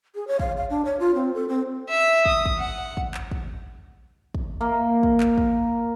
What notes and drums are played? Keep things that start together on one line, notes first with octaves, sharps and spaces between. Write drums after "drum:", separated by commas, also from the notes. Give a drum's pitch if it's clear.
G#4
C#5
F5, drum: kick
F5
D4
C#5
F4
C4
A4
C4
E5 B6
D#6, drum: kick
drum: kick
F#5
drum: kick
drum: clap
drum: kick
drum: kick
A#3
drum: kick
drum: clap
drum: kick